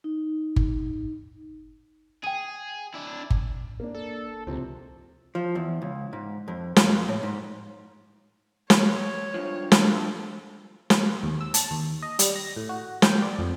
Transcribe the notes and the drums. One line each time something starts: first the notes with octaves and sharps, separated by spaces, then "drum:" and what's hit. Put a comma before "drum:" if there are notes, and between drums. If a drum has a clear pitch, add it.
D#4
drum: kick G1
G#4 G5 D#7
D4 E4
drum: kick G1
A#3 D4
A4
C#2 C3 F3 C4
F3
E2
C#2
G#2
F2
F2, drum: snare
A2
G#2
C#5, drum: snare
G2 F3
A4, drum: snare
drum: snare
D#2
E6
A5, drum: hi-hat
D#2
D#5
G3, drum: hi-hat
A#6
A2
F#4
G5, drum: snare
D5
F2